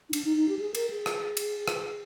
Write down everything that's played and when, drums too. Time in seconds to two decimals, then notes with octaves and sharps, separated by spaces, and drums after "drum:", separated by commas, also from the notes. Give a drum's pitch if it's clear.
0.10 D#4
0.13 D4, drum: cymbal
0.25 D#4
0.36 D#4
0.49 G4
0.59 G#4
0.75 A#4, drum: cymbal
0.90 G#4
1.06 drum: rim click
1.37 drum: cymbal
1.68 drum: rim click